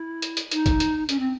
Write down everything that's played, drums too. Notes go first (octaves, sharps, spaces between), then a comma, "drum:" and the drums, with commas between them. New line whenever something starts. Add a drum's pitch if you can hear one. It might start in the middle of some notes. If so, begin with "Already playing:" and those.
Already playing: E4
drum: hi-hat
drum: hi-hat
D#4, drum: hi-hat
drum: kick, hi-hat
drum: hi-hat
C#4, drum: hi-hat
C4